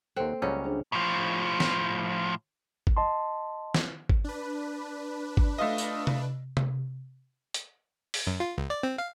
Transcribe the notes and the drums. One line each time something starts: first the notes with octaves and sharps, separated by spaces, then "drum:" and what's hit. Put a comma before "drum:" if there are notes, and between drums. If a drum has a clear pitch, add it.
D#2 A#3 C4 A4 F#5
C#2 F#3 G3 C#4 C#6
D4 G#4 C5
A2 F3
drum: snare
drum: kick G#1
D#5 A5 C6
drum: snare
drum: kick G#1
D4 B4
drum: kick G#1
A3 F4 D#5
drum: tambourine
drum: tom C3
drum: tom C3
drum: hi-hat
drum: open hi-hat
F#2
F4
C#2
D5
C4
F5